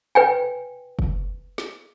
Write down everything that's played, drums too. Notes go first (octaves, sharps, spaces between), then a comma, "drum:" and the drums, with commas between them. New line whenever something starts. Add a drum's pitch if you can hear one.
B4 G5 G#5
drum: kick F#1
drum: snare